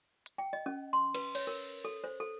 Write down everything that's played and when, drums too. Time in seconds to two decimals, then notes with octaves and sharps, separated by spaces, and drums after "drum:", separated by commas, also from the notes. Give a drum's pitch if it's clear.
0.26 drum: hi-hat
0.38 G5
0.53 D#5
0.66 C#4
0.93 C6
1.15 B4, drum: cymbal
1.35 C#5, drum: cymbal
1.47 A#4
1.85 A4
2.04 C5
2.20 A4